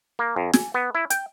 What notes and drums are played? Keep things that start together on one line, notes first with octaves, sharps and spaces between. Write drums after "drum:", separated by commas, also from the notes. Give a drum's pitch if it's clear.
A#3
F2
G#5, drum: snare
B3
E4
G5, drum: hi-hat